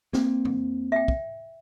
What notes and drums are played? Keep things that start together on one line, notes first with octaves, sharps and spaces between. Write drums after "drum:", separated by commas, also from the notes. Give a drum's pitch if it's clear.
A#3 C4, drum: snare
drum: tom
E5 G5
drum: kick